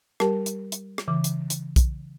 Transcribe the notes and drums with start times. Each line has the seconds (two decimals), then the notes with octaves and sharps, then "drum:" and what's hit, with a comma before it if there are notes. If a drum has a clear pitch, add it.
0.20 G3 G4 A#4 A5, drum: rim click
0.46 drum: hi-hat
0.72 drum: hi-hat
0.98 drum: rim click
1.08 C#3 E3 D6
1.24 drum: hi-hat
1.50 drum: hi-hat
1.76 drum: kick, hi-hat